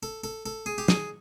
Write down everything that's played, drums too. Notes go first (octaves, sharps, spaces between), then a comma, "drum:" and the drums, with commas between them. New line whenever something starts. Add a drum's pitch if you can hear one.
A4
A4
A4
G#4
G4
G#4, drum: snare